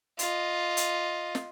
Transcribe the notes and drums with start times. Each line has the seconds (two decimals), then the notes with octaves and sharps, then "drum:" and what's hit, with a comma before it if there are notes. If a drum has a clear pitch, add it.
0.19 F4 D#5, drum: hi-hat
0.77 drum: hi-hat
1.35 drum: snare